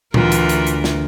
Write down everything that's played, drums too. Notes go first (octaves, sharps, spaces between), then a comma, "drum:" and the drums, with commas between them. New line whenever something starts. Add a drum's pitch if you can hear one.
D2 E3 F4 F#4 A#4, drum: tom A#2
drum: hi-hat
drum: hi-hat
drum: hi-hat
drum: snare